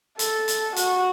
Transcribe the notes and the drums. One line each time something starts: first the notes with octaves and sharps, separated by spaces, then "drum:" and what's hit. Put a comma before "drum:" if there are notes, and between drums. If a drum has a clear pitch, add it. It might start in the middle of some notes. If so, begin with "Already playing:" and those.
A4, drum: hi-hat
drum: hi-hat
F#4, drum: hi-hat